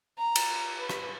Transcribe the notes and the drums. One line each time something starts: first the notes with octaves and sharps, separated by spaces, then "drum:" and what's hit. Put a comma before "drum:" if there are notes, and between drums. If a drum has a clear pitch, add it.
A#5
drum: cymbal
B4
drum: rim click